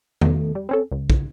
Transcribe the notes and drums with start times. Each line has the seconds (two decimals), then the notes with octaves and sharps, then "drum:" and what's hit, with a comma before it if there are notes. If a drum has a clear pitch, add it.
0.21 B2 D#3 A3, drum: tom E2
0.55 G3
0.69 C4 C#4 A4
0.92 C#2
1.10 drum: kick